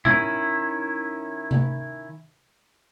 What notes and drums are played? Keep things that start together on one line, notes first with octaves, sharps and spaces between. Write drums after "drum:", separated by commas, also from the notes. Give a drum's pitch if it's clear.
D#3 C#4 E4, drum: tom B2
drum: tom C3